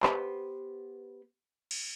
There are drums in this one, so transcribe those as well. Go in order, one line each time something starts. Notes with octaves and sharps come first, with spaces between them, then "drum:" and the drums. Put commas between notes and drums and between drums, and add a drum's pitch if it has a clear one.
B3 G4 B4 C5, drum: clap
drum: cymbal